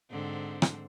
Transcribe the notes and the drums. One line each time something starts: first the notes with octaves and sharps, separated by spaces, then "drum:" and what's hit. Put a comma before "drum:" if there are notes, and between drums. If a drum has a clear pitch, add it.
G#2 D3 C4
drum: rim click